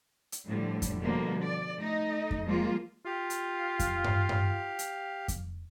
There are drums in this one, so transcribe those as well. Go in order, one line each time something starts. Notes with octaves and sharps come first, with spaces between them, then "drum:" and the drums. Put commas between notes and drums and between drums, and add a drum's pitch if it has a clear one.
drum: hi-hat
A2 D3 F3 G3
drum: kick F2, hi-hat
B2 D3 F3 G3 A3 A#3
D5
A3 D#4 D#5
drum: kick F2
F3 G3 G#3 A#3 F4
F4 G4 F5
drum: hi-hat
drum: kick F2, hi-hat
drum: tom G2
drum: tom G2
drum: hi-hat
drum: kick F2, hi-hat